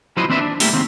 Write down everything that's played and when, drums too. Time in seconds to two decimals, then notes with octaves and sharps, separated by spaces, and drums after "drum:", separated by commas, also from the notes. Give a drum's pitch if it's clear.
0.17 F3 F#3 E4 B4 C5 D#5
0.29 D#2 C4 D4 B4 E5
0.41 D4
0.60 G3 A3 A#3 E4 G4, drum: open hi-hat
0.73 D#3 A#3 C4